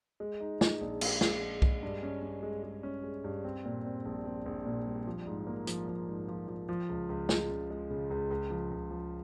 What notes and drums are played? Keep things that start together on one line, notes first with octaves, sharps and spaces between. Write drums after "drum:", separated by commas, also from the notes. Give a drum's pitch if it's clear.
G#3
D#4
D#4, drum: snare
A#1
A#1, drum: cymbal
G#3, drum: snare
G#3
G#3, drum: kick B1
G2
C#4
C#4
G#3
G#3
C#4
G#3
G2
C4
A#2
C4
A#1
C4
A#1
A#2
G3
F3
G#2
A#3
F3, drum: hi-hat
F3
G#2
F3
F3
F3
C#2
C#2
G#3, drum: snare
C#3
G#3
C#3
C#2
C#2
F3
C#2
F3